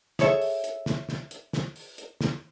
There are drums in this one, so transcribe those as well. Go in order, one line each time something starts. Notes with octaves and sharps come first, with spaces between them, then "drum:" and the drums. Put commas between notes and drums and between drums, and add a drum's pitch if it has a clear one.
G#4 A4 C#5 E5, drum: snare
drum: open hi-hat
drum: hi-hat
drum: snare
drum: snare
drum: hi-hat
drum: snare
drum: open hi-hat
drum: hi-hat
drum: snare